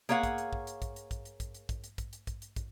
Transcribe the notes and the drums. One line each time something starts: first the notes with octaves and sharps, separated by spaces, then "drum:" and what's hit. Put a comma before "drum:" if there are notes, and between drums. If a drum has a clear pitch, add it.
A#3 G#4 C#5 F5 F#5, drum: hi-hat
drum: kick, hi-hat
drum: hi-hat
drum: kick
drum: hi-hat
drum: kick, hi-hat
drum: hi-hat
drum: kick, hi-hat
drum: hi-hat
drum: kick, hi-hat
drum: hi-hat
drum: kick, hi-hat
drum: hi-hat
drum: kick, hi-hat
drum: hi-hat
drum: kick, hi-hat
drum: hi-hat
drum: kick, hi-hat